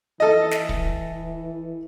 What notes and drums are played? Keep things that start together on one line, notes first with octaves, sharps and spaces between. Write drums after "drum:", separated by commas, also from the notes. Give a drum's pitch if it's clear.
E3 A4 D#5
drum: snare
drum: kick